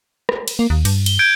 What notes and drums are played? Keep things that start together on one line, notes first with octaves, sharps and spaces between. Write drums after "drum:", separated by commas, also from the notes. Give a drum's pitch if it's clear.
drum: rim click
drum: cymbal
A#3
D#2
G2, drum: cymbal
G7, drum: cymbal
G6 G#6 D7